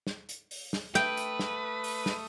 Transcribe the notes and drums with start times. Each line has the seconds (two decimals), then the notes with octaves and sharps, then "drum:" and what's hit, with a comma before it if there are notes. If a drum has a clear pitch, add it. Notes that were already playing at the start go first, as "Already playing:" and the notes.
0.07 drum: snare
0.29 drum: hi-hat
0.51 drum: open hi-hat
0.73 drum: snare
0.95 A3 B4 G5 D#6, drum: snare
1.17 drum: hi-hat
1.39 drum: snare
1.84 drum: open hi-hat
2.06 drum: snare